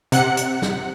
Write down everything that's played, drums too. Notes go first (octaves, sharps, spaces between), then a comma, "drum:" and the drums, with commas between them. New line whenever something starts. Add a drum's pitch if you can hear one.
C3 F#5 F#6 C#7, drum: hi-hat
drum: hi-hat
drum: snare